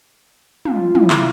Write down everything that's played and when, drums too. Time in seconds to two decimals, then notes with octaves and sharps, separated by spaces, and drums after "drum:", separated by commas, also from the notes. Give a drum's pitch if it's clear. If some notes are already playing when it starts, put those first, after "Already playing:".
0.65 F4, drum: tom
0.95 E4, drum: tom
1.10 drum: clap